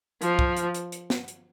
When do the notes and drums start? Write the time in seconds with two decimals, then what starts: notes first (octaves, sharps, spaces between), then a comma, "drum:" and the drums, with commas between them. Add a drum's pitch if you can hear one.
0.22 F3, drum: hi-hat
0.39 drum: kick
0.57 drum: hi-hat
0.74 drum: hi-hat
0.92 drum: hi-hat
1.10 drum: snare
1.28 drum: hi-hat